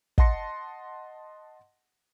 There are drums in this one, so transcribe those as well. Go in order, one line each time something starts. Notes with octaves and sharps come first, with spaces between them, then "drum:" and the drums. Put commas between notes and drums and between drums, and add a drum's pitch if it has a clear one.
D#5 F#5 A5 C6 A#6 C#7, drum: kick